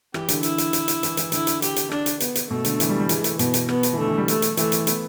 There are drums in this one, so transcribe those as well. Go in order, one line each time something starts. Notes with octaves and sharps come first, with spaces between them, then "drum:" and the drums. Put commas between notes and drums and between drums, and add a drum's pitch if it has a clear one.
E3 G4, drum: rim click
D3, drum: hi-hat
E4, drum: hi-hat
drum: hi-hat
drum: hi-hat
drum: hi-hat
E3, drum: hi-hat
E3, drum: hi-hat
D3 E4, drum: hi-hat
drum: hi-hat
G4, drum: hi-hat
drum: hi-hat
D4, drum: rim click
drum: hi-hat
B3, drum: hi-hat
drum: hi-hat
B2 A3
D3, drum: hi-hat
E3, drum: hi-hat
G3
G3
E3 A3, drum: hi-hat
drum: hi-hat
B2 B3, drum: hi-hat
drum: hi-hat
B3, drum: rim click
drum: hi-hat
E3
D3 A3
E3
G3
A3, drum: hi-hat
drum: hi-hat
E3 A3, drum: hi-hat
drum: hi-hat
B3, drum: hi-hat